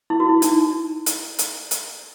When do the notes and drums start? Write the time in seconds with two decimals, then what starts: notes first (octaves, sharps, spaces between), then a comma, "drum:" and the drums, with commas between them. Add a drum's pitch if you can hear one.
0.10 E4
0.20 F#4
0.29 E4
0.42 D#4, drum: hi-hat
1.06 drum: hi-hat
1.39 drum: hi-hat
1.71 drum: hi-hat